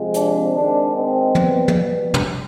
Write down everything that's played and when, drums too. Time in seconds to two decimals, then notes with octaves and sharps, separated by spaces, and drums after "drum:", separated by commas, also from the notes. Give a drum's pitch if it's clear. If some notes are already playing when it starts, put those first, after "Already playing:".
Already playing: C3 F3 G#3 C4
0.14 D4, drum: hi-hat
0.54 D#3 G#3 C4 D4
0.95 C4
1.35 B2 G3 B3, drum: tom
1.68 drum: tom
2.14 drum: tom